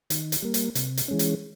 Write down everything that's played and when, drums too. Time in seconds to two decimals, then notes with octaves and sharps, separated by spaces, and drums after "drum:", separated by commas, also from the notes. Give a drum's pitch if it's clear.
0.10 D#3, drum: hi-hat
0.32 drum: hi-hat
0.42 G3 A#3
0.54 drum: hi-hat
0.75 C3, drum: hi-hat
0.97 drum: hi-hat
1.08 E3 G#3 C#4
1.19 drum: hi-hat